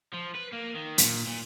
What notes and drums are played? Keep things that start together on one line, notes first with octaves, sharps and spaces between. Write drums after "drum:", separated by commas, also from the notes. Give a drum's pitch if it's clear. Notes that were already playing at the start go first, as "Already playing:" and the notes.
F3
B4
A#3
D#3
A#2, drum: hi-hat
A#2